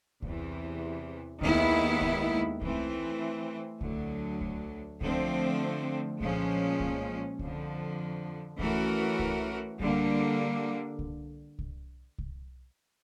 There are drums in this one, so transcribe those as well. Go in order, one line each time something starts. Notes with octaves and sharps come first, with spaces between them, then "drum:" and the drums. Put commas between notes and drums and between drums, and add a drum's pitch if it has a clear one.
E2 C3 E3, drum: kick C2
D#2 D#3 G#3 B3 E4, drum: kick C2
drum: kick C2
E3 A3 C4, drum: kick C2
D2 D3 F#3, drum: kick C2
drum: kick C2
D3 F3 A3 C4, drum: kick C2
A#2 F3 G#3 C#4, drum: kick C2
drum: kick C2
F2 D3 F3, drum: kick C2
E3 A3 C#4 F#4 A#4, drum: kick C2
drum: kick C2
D3 G3 A#3, drum: kick C2
drum: kick C2
drum: kick C2
drum: kick C2